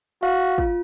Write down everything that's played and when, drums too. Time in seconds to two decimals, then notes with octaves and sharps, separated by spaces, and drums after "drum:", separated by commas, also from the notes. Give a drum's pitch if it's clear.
0.22 F#4 F5
0.58 F4, drum: kick